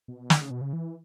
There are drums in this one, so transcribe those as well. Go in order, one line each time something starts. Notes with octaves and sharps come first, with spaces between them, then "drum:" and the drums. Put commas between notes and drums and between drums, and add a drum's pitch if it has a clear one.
B2
C#3, drum: snare
C#3
B2
C#3
E3